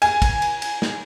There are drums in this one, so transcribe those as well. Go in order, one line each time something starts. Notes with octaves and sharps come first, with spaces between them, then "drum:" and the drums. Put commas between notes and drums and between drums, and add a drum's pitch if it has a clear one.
G#5, drum: cymbal
drum: kick, cymbal
drum: cymbal
drum: cymbal
drum: snare